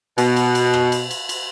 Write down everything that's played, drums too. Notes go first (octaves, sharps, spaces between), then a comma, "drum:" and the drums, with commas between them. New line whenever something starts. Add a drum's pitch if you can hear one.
B2, drum: cymbal
drum: cymbal
drum: cymbal
drum: rim click
drum: cymbal
drum: cymbal
drum: cymbal